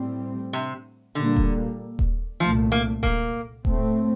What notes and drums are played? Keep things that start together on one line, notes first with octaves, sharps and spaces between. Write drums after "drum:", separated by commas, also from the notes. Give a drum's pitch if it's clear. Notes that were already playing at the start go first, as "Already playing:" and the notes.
Already playing: A2 G3 C4
C3
A#2 D3 G3 A#3
drum: kick D#1
drum: kick D#1
C2 A#2 F3 A3
A#3
A#3, drum: kick D#1
A2 A3 C4, drum: kick D#1